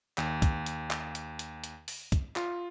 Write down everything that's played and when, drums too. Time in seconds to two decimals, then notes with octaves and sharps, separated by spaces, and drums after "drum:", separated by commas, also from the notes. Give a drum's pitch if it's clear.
0.18 D#2, drum: clap
0.42 drum: kick, hi-hat
0.66 drum: hi-hat
0.91 drum: clap
1.15 drum: hi-hat
1.39 drum: hi-hat
1.64 drum: hi-hat
1.88 drum: open hi-hat
2.12 drum: kick, hi-hat
2.36 F4, drum: clap